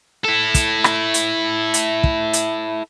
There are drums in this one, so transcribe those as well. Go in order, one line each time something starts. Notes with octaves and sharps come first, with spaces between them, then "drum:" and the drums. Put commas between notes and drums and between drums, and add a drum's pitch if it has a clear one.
E4 A4
drum: kick, hi-hat
drum: rim click
drum: hi-hat
drum: hi-hat
drum: kick
drum: hi-hat